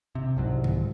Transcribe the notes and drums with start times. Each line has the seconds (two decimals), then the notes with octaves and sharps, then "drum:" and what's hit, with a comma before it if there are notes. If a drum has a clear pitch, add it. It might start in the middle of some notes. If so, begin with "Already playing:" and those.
0.15 C3
0.36 C2 G#2 F#3
0.64 drum: tom D3